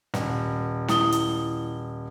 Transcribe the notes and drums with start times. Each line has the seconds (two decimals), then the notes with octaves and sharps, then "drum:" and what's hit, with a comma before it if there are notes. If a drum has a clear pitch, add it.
0.14 D#1, drum: snare
0.88 E4 D#6 G7, drum: snare
1.12 drum: hi-hat